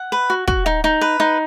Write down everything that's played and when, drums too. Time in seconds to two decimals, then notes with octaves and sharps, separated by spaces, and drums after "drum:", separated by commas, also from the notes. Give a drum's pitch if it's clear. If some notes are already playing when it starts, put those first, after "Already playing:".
Already playing: F#5
0.12 B4
0.30 F#4
0.48 F#4, drum: kick
0.66 D#4
0.84 D#4
1.01 B4
1.20 D#4